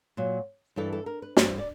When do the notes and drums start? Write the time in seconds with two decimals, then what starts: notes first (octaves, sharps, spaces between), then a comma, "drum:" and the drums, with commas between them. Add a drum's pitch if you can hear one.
0.17 A#2 F#3
0.76 G2 E3 G3 A4
0.92 A4
1.06 A#4
1.22 B4
1.37 G2 E3 G3 C5, drum: snare
1.58 D5